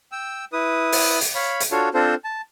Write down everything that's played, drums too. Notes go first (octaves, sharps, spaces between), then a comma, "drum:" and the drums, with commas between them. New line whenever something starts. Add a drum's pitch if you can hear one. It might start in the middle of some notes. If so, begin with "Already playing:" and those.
G5 E6
E4 B4 D#6
drum: open hi-hat
drum: hi-hat
C#5 F5 B5
drum: hi-hat
D4 F4 F#4 A4 C#5 F5
C4 D4 F4 A4 C5
A5